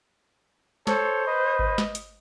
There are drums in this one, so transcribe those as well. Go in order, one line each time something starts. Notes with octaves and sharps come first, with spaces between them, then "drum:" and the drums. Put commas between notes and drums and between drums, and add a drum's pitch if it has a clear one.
A4 C5 C#5, drum: snare
B4 D#5
drum: kick G#1
drum: snare
drum: hi-hat